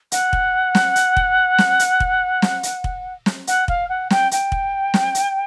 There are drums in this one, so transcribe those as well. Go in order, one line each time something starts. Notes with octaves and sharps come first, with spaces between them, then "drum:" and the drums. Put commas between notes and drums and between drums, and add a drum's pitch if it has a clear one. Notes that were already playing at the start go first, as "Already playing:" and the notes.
F#5, drum: hi-hat
drum: kick
drum: snare
drum: hi-hat
drum: kick
drum: snare
drum: hi-hat
drum: kick
drum: snare
drum: hi-hat
drum: kick
drum: snare
F#5, drum: hi-hat
F5, drum: kick
F#5
G5, drum: snare
G5, drum: hi-hat
drum: kick
drum: snare
drum: hi-hat